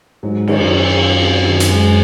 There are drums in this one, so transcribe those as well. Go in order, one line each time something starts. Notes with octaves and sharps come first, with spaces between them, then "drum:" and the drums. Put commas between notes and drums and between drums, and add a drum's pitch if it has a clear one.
G#2 F#3
D#3, drum: cymbal
F#2
F#3
F4
C4
D#3
drum: hi-hat
G#3